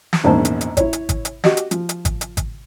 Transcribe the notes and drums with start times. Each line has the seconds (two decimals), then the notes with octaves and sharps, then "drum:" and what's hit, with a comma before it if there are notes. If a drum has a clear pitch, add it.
0.13 drum: snare
0.24 A#1 E2 G#2 C#3 C5 A5
0.45 drum: hi-hat
0.61 drum: hi-hat
0.77 E4 C#5, drum: kick G#1, hi-hat
0.93 drum: hi-hat
1.09 drum: kick G#1, hi-hat
1.25 drum: hi-hat
1.44 F#4 G4 D#5, drum: snare
1.57 drum: hi-hat
1.71 F3, drum: hi-hat
1.89 drum: hi-hat
2.05 drum: kick G#1, hi-hat
2.21 drum: hi-hat
2.37 drum: kick G#1, hi-hat